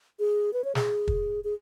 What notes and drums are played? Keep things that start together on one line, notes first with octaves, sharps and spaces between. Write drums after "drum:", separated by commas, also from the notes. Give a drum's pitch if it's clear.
G#4
B4
C#5
G#4, drum: snare
drum: kick
G#4